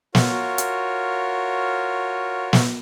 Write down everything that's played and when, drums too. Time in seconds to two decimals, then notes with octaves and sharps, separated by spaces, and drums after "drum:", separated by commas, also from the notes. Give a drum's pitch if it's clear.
0.15 F4 F#4 A#4 C#5, drum: snare
0.58 drum: hi-hat
2.53 drum: snare